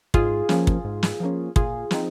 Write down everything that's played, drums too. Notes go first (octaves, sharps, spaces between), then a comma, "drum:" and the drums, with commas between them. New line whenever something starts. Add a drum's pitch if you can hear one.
G#2 F4 G#4, drum: kick
F3 A#3 C#4, drum: snare
drum: kick
G#2
drum: snare
F3 A#3 C#4
A#2 F4 G#4, drum: kick
F3 C4 D#4, drum: snare